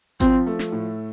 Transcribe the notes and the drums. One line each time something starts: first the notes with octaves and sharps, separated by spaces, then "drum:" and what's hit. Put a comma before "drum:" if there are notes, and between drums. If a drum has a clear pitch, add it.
F3 C4, drum: kick G#1, hi-hat
A3
drum: snare
A2